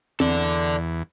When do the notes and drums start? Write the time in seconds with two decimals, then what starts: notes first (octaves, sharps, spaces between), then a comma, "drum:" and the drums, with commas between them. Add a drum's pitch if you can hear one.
0.20 E2 A4 D5, drum: tom C4